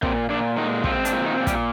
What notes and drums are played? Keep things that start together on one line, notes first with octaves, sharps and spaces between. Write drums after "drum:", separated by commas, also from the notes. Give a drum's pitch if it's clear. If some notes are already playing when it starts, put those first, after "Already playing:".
A#2 C4, drum: kick
A#2 D4
D#3 G#3 D#4
F3 C4 F4, drum: kick
D4, drum: hi-hat
A#2
D#3 D#4
A#2
G3 G4, drum: kick, hi-hat